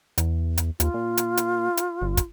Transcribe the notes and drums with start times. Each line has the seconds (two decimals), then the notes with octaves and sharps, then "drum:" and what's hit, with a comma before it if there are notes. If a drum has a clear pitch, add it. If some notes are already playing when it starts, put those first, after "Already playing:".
0.18 E2, drum: hi-hat
0.57 drum: hi-hat
0.80 D#2 F4, drum: hi-hat
0.94 A#2
1.17 drum: hi-hat
1.37 drum: hi-hat
1.77 drum: hi-hat
2.01 G1
2.17 drum: kick, hi-hat